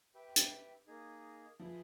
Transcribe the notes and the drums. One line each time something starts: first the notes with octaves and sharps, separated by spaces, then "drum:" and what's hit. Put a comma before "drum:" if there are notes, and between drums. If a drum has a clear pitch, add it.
G4 B4 E5 G5
drum: hi-hat
A#3 D#4 G#4
F3 G#4 B4 E5